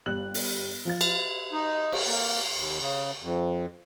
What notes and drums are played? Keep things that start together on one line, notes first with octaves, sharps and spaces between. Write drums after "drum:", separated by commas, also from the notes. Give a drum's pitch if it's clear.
G1 G3 F#6 F#7
drum: open hi-hat
F3 F4 A6
drum: cymbal
D#4
drum: cymbal
A#3
D#2
C#3
F2